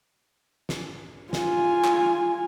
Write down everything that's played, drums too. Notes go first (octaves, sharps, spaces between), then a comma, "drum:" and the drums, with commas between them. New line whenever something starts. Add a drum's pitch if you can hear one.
drum: snare
F4 G#5, drum: snare
drum: clap